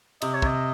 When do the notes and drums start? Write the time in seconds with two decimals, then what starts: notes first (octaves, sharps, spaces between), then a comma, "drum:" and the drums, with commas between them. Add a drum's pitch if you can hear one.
0.22 C3 D#5, drum: cymbal
0.34 C#5
0.42 C3 D#5, drum: kick